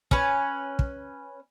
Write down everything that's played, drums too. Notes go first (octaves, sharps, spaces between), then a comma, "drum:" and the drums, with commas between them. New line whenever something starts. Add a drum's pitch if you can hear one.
C#4 B4, drum: kick
drum: kick